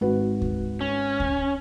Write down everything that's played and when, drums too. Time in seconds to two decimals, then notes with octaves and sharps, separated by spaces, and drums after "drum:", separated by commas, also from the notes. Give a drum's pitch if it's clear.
0.01 G#1 F#4 B4
0.42 drum: kick D2
0.81 C#4
1.20 drum: kick D2